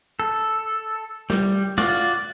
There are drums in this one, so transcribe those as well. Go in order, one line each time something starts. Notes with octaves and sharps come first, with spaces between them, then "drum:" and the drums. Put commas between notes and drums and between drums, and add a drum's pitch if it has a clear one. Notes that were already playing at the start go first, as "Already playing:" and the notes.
A4
G3, drum: snare
F4 F#4 D5, drum: snare